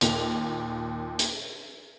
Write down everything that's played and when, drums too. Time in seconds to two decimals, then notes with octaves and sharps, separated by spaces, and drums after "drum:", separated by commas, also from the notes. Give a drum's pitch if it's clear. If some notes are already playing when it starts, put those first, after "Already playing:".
0.01 D#2 A#2 F7, drum: hi-hat
1.19 drum: hi-hat